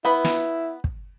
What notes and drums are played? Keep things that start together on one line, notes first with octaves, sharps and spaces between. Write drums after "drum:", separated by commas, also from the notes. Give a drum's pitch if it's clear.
B3 E4 B4 B5
drum: snare
drum: kick